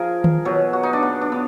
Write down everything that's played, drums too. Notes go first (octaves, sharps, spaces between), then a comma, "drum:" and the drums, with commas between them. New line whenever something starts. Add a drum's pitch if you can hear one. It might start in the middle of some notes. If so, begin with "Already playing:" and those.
Already playing: F3 G#4 A#4
drum: tom D#3
B2 F#3
F#4
D#4
D4
B3
D4
B3